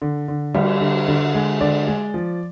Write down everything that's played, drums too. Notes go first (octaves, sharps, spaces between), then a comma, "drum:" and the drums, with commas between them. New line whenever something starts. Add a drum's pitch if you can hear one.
D3
D3
G3, drum: cymbal
D3
D3
G#3
D3 D5
G#3
F3